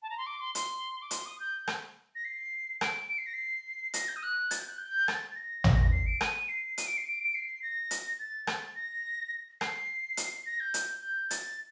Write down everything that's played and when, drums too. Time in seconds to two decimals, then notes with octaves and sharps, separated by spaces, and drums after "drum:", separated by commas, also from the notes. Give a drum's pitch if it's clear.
0.02 A5
0.10 A#5
0.18 C6
0.26 D6
0.40 C6
0.55 C6, drum: hi-hat
1.02 D6
1.11 C6, drum: hi-hat
1.26 D#6
1.40 G6
1.68 drum: rim click
2.15 A#6
2.25 C7
2.81 D7, drum: rim click
3.09 D7
3.18 C7
3.26 A#6
3.34 C7
3.94 A#6, drum: hi-hat
4.08 G6
4.16 D#6
4.23 F#6
4.51 A6, drum: hi-hat
4.60 G6
4.69 F#6
4.78 G6
5.08 A6, drum: rim click
5.31 A6
5.36 A#6
5.64 drum: tom
5.92 C7
6.06 D7
6.21 D#7, drum: rim click
6.48 C7
6.78 D#7, drum: hi-hat
6.87 D7
6.97 C7
7.08 D7
7.23 D7
7.35 C7
7.63 A#6
7.91 drum: hi-hat
8.19 A6
8.47 drum: rim click
8.75 A#6
9.61 C7, drum: rim click
10.17 drum: hi-hat
10.46 A#6
10.60 G6
10.74 drum: hi-hat
11.02 G6
11.31 A6, drum: hi-hat